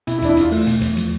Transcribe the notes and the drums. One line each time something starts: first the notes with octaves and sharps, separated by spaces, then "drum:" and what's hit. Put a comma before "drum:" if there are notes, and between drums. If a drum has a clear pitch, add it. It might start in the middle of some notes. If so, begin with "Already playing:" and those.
B2 E4, drum: hi-hat
E4
E2 D4, drum: hi-hat
E4
E2 F4, drum: hi-hat
A3, drum: open hi-hat
B2, drum: hi-hat
E2, drum: hi-hat
F3, drum: hi-hat